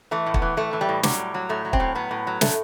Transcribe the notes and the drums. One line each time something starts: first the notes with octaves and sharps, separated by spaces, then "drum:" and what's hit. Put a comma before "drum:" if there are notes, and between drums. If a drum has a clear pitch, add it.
E3 A3
A2
B3, drum: kick
E3
A2 A3
E3
G3
A2
F#3 G3, drum: snare
A2
F#3
A2 A3
F#3
C4, drum: kick
A2
F#3 B3
A2
F#3
A2 A3, drum: snare